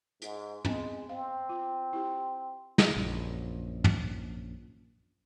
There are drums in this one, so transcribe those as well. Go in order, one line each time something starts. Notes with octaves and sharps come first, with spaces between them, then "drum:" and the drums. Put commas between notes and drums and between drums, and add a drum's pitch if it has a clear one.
G#2, drum: hi-hat
G#3 B3 C4, drum: tom
C4 F5
F4
E4 G4
drum: snare
A#1 F#2
drum: tom